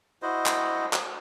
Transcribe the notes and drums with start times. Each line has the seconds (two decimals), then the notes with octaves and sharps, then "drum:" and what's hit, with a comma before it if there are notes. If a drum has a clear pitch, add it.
0.22 E4 F#4 C5 D#5
0.46 drum: clap
0.93 drum: clap